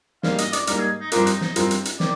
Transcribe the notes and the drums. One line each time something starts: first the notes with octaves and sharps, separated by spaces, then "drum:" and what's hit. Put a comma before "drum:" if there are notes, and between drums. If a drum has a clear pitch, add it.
G#2 G3 A#3 D#4 F5, drum: snare
D#5, drum: hi-hat
D5, drum: hi-hat
G#2 G3 A#3 D#4 A#4, drum: hi-hat
G#4
D#4
G2 F3 C4 D4 F4 A#4, drum: hi-hat
D#4, drum: hi-hat
D#4, drum: snare
G2 F3 C4 F4 A#4, drum: hi-hat
drum: hi-hat
drum: hi-hat
D#3 D5, drum: snare